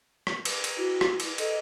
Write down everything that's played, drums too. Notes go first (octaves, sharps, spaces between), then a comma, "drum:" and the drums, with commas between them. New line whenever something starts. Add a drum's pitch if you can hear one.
drum: rim click
drum: cymbal
drum: cymbal
E4 F#4
drum: rim click
drum: cymbal
A4 D#5, drum: cymbal